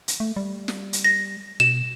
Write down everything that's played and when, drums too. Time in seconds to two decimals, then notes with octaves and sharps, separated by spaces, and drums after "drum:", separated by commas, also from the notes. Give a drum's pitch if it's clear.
0.08 drum: hi-hat
0.20 A3
0.36 G3
0.68 drum: snare
0.93 drum: hi-hat
1.04 A#6
1.60 B2 E7